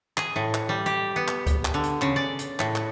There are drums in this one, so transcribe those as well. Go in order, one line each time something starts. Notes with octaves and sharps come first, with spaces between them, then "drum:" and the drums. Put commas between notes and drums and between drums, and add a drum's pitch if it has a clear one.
G#4, drum: clap
A2
drum: clap
G3
G4
B3
drum: clap
drum: kick C#2, hi-hat
drum: clap
D3
drum: hi-hat
C#3, drum: clap
D5
drum: hi-hat
A2, drum: clap
drum: clap